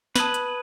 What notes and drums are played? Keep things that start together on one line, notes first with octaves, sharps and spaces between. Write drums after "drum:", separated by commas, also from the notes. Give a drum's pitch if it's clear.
B4 A5 D#6 G#6 D#7 F#7, drum: snare
drum: hi-hat